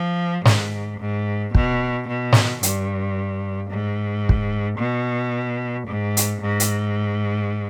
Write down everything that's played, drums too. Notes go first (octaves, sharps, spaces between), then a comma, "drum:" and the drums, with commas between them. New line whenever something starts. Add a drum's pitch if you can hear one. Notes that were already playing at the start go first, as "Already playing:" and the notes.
Already playing: F3
G#2, drum: snare
G#2
B2, drum: kick
B2
drum: snare
G2, drum: hi-hat
G#2
drum: kick
B2
G#2
drum: hi-hat
G#2
drum: hi-hat